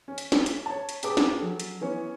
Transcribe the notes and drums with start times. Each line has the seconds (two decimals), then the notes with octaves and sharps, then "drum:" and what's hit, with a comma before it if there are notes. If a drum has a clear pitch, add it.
0.08 C#4
0.18 drum: hi-hat
0.32 drum: snare
0.46 drum: hi-hat
0.66 C#5 A5
0.89 drum: hi-hat
1.03 G4 G#4 B4 A5 D6, drum: hi-hat
1.17 drum: snare
1.38 F#3 C#4 A4
1.60 drum: hi-hat
1.81 E3 B3 C#4 C#5